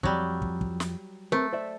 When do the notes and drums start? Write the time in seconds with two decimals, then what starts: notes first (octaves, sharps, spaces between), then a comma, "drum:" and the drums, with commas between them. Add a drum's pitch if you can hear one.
0.03 F2 F#3 G3, drum: kick
0.42 drum: kick
0.61 drum: kick
0.80 drum: snare
1.32 A3 C4 A#4 B4
1.53 C5 D5 E5